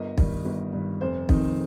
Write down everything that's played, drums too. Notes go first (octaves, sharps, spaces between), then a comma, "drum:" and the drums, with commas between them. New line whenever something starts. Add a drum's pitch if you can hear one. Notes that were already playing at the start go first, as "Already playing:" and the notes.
Already playing: G1 A#4 D#5
G2 D#3, drum: kick
G1
G2 D#3
F1 C5
F2 D#3 C4 D#4, drum: kick